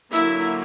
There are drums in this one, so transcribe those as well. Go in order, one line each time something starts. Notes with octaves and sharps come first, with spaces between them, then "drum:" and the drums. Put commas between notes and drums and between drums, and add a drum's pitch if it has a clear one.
D3 F#3 A#3 E4 E5, drum: hi-hat